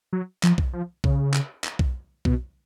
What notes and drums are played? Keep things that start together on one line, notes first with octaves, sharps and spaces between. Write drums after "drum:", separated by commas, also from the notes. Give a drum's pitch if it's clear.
F#3
F3, drum: clap
drum: kick B1
F3
C#3, drum: kick B1
drum: clap
drum: clap
drum: kick B1
B2, drum: kick B1